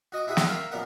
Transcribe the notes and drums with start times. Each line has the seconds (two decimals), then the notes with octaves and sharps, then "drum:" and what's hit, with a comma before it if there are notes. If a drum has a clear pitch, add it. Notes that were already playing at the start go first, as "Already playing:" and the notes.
0.12 F#4 D#5 C#6 D6
0.27 E4 F#4 G#4 E5 F#5
0.37 drum: snare
0.47 A#4 E5 F5 G5
0.71 F#2 A#2 B3 A#4 F#5